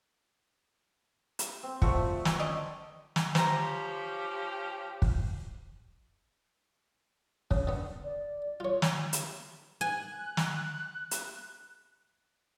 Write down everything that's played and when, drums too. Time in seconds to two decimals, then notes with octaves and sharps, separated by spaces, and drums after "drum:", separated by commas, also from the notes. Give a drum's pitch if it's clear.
1.39 drum: hi-hat
1.63 C4
1.82 F3 G3 A3 F#4 F#5, drum: kick
1.95 E5
2.25 E3 F#3, drum: snare
2.40 C#4 D5 D#5
3.16 drum: snare
3.35 F3 C#4 G4 C5 A#5, drum: snare
5.02 drum: kick
7.51 C#3, drum: kick
7.67 D3 B3
8.04 D5
8.60 F4 C#5
8.82 drum: snare
9.13 drum: hi-hat
9.81 G#5 F#6
10.37 drum: snare
11.11 drum: hi-hat